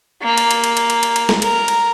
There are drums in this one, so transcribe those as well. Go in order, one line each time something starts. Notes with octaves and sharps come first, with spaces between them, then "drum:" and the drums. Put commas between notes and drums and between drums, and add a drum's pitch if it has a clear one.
A#3
drum: cymbal
drum: cymbal
drum: cymbal
drum: cymbal
drum: cymbal
drum: cymbal
drum: cymbal
drum: snare
A#4, drum: cymbal
drum: cymbal